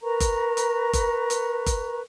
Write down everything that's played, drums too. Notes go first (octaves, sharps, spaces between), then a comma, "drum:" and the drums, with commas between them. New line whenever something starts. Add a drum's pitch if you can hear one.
A#4 B4 A#5 C#6
drum: kick F#1, hi-hat
drum: hi-hat
drum: kick F#1, hi-hat
drum: hi-hat
drum: kick F#1, hi-hat